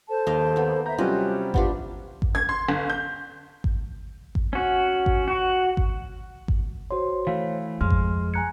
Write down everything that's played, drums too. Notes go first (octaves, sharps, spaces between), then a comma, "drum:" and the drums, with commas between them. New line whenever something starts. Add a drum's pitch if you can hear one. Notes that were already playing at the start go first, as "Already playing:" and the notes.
A4 C5 A5
D#2 D#5 F5 G5
A#3 B3
E5 A#5 G6
C3 F#3 G3 C#4 F4 D#5 G5 F#6
B3 D4 F4 G4 F#5, drum: kick G#1
drum: kick G#1
G#6
C6
G1
G6
drum: kick G#1
drum: kick G#1
C#4 F#4
drum: kick G#1
F#4
drum: kick G#1
drum: kick G#1
F#4 C5 C#5 C6
E3 A3 F5
F2 G#3 C6 F6
drum: kick G#1
G#5 A#5 F#6 G#6 C#7